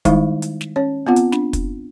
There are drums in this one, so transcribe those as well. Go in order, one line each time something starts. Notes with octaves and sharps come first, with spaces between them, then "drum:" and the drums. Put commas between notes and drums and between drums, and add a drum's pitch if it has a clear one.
D#3 G3 G#3 D#4 E4 F5, drum: kick, hi-hat
drum: hi-hat
drum: snare
C#4 C#5
B3 C4 F4 F#5
drum: hi-hat
D4, drum: snare
drum: kick, hi-hat